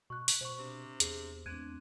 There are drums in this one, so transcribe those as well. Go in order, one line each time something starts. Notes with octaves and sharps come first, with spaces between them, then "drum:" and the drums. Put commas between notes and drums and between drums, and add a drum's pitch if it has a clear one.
B2 C#6 F#6
drum: open hi-hat
B2 C5 C#6
C3 D4
E2 G#4 C7 G7, drum: hi-hat
E2 A3 C4 D4 F#6 G#6 D#7